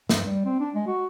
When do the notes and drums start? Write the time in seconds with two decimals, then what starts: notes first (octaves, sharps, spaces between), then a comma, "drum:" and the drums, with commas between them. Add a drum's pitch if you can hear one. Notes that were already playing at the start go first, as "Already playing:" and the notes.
0.09 G2, drum: snare
0.26 G3
0.45 C4
0.60 D4
0.74 G#3
0.87 F#4